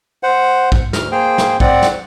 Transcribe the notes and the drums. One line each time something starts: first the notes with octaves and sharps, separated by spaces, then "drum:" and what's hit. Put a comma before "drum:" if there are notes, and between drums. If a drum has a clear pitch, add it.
C5 F#5
drum: kick
D2 F6, drum: snare
A#3 G#4 C5 G5
drum: snare
C4 D5 F#5, drum: kick
drum: snare